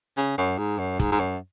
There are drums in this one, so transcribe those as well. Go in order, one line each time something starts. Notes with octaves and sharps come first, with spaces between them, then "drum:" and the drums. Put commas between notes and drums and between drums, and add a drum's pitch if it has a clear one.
C#3, drum: hi-hat
F#2
G#2
F#2
G#2, drum: kick, hi-hat
G#2
F#2